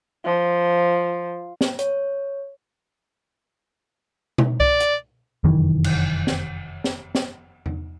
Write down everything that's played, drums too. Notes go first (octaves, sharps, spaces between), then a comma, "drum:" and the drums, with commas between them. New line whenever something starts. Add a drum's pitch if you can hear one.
F3
drum: snare
C#5, drum: hi-hat
drum: tom B2
D5, drum: kick C2
drum: hi-hat
F1 F#2 D#3 E3
drum: cymbal
drum: snare
drum: snare
drum: snare
drum: tom E2